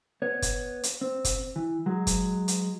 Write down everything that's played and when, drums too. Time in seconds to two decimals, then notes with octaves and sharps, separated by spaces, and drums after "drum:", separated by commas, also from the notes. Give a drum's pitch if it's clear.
0.22 B3 C#5
0.42 drum: kick, hi-hat
0.83 drum: hi-hat
1.01 C4
1.25 drum: kick, hi-hat
1.56 E3
1.86 F#3 G#3
2.07 drum: kick, hi-hat
2.48 drum: hi-hat